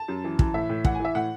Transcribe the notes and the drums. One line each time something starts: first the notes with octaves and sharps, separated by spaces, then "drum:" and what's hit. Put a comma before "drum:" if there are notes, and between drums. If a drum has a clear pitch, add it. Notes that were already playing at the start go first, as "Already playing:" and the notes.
Already playing: A5
F#2
E3
E3, drum: kick
A2 E5
A2
E3 F#5, drum: kick
G#5
E3 E5
A2 F#5